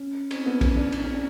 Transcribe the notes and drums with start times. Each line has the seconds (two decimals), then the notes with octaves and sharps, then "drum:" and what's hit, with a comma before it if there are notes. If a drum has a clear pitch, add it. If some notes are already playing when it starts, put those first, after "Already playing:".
Already playing: C#4
0.31 C4, drum: cymbal
0.46 B3
0.61 C#4, drum: kick A#1, cymbal
0.77 D4
0.92 drum: cymbal
1.03 C#4
1.14 C#4